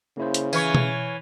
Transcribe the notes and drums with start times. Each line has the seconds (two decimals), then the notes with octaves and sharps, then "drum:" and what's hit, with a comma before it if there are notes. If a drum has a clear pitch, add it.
0.17 C#3 A#3 E4 C5
0.34 drum: hi-hat
0.53 E3 C#5 G#5 F6 G#6, drum: tambourine
0.75 drum: tom B2